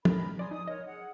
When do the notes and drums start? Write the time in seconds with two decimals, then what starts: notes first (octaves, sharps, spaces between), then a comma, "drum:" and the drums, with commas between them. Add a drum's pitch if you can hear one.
0.05 C#4 A#4 B5, drum: tom
0.39 D5 G#5 C6 D#6
0.51 D#4 D#6
0.67 A#4 C#5 D#5
0.87 G#4 F#5